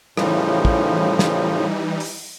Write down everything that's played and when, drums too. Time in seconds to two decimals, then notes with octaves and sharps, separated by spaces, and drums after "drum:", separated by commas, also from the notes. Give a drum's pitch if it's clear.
0.17 A2 C#3 E3 F3 G3 D#4, drum: rim click
0.65 drum: kick
1.19 drum: snare
2.00 drum: open hi-hat